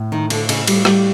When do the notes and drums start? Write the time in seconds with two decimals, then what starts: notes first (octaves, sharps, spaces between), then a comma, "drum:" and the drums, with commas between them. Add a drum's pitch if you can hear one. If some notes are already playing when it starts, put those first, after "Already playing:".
Already playing: A2
0.12 D#3
0.30 D3, drum: cymbal
0.49 C#3, drum: cymbal
0.68 G3, drum: cymbal
0.85 G3, drum: rim click